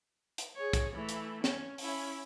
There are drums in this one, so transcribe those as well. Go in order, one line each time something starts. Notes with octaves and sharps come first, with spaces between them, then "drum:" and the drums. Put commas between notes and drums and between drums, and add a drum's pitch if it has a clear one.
drum: hi-hat
G#4 C#5
drum: kick, hi-hat
E3 A3
drum: hi-hat
C#4, drum: snare
C#4 E4, drum: open hi-hat